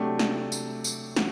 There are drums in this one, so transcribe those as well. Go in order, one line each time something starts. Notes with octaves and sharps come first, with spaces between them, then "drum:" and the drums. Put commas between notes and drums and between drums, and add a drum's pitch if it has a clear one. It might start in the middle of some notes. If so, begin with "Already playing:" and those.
Already playing: C3 F#3 A3 D4 G4
drum: snare
drum: tambourine
drum: tambourine
F#3, drum: snare